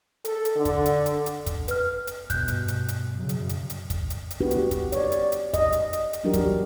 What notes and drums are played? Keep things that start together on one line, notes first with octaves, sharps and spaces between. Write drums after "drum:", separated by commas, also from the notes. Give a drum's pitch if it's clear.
A4, drum: hi-hat
drum: hi-hat
D3
drum: kick, hi-hat
drum: hi-hat
drum: hi-hat
drum: hi-hat
drum: kick, hi-hat
B4 F6, drum: hi-hat
drum: hi-hat
G2 B2 F#6 G6, drum: kick, hi-hat
drum: hi-hat
drum: hi-hat
drum: hi-hat
F#2 C#3
drum: hi-hat
drum: hi-hat
drum: hi-hat
drum: kick, hi-hat
drum: hi-hat
drum: hi-hat
B3 D4 F#4 G4 B4
drum: hi-hat
drum: kick, hi-hat
C#5 D5, drum: hi-hat
drum: hi-hat
drum: hi-hat
D#5, drum: kick, hi-hat
drum: hi-hat
drum: hi-hat
drum: hi-hat
E3 F#3 D4 F#4 G4 A#4
drum: kick, hi-hat